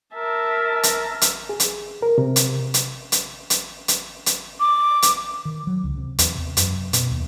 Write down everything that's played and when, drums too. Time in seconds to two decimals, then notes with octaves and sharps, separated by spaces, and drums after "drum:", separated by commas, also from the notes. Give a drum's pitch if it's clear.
0.15 A#4 E5 A5
0.83 drum: hi-hat
1.21 drum: hi-hat
1.49 G#4
1.60 drum: hi-hat
2.02 A#4
2.18 C3
2.36 drum: hi-hat
2.74 drum: hi-hat
3.12 drum: hi-hat
3.50 drum: hi-hat
3.88 drum: hi-hat
4.26 drum: hi-hat
4.60 D6
5.02 drum: hi-hat
5.45 D#3
5.67 F#3
5.84 C#2
5.98 C3
6.18 E2, drum: hi-hat
6.35 C3
6.57 F#2, drum: hi-hat
6.93 B2, drum: hi-hat
7.11 D#2